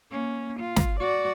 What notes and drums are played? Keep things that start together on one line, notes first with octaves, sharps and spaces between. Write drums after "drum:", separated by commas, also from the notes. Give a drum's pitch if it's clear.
A#3 C#4
F4
drum: snare
F#4 D5